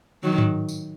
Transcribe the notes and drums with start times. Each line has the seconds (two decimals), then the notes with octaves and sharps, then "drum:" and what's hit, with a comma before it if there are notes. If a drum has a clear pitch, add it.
0.23 D#3 F#3
0.38 drum: tom G#2
0.69 drum: tambourine